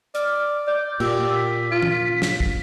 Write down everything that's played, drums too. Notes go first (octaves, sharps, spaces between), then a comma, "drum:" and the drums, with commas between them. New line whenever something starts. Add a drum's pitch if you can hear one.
D5 F6, drum: hi-hat
D5 G6
A#2 G4 E6, drum: cymbal
B6
F4
drum: tom
drum: snare
drum: kick